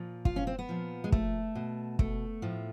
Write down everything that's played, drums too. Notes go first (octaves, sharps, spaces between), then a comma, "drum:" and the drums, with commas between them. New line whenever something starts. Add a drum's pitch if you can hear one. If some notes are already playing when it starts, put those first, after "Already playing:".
Already playing: A#2 F3
F4, drum: kick
C#4
C4
B3
A#2 F3
G#3
A3, drum: kick
B2
A3, drum: kick
A2 F3